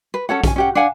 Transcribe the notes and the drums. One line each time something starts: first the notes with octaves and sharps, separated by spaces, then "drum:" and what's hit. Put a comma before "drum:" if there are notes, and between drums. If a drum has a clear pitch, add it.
B4
C#4 A4 C#5 F#5
C#4 G#5, drum: kick A#1, hi-hat
C#4 G4 F#5
D4 F5 F#5 G#5